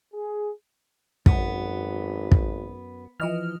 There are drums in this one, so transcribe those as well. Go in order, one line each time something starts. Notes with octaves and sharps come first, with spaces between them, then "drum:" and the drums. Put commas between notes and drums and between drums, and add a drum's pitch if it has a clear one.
G#4
G#1 F#2 B3, drum: kick
drum: kick
E3 F3 D#5 F6